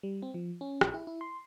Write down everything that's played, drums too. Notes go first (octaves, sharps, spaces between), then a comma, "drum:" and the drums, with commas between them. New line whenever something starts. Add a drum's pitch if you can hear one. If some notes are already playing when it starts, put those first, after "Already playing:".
G3
C4
F3
C#4
A#1, drum: rim click
E4
E4
C6